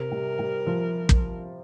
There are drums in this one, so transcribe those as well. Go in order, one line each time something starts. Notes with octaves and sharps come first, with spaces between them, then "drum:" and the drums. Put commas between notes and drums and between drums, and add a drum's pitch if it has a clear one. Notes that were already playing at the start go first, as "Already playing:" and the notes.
Already playing: C3 A#4
G3
G3
F3
drum: kick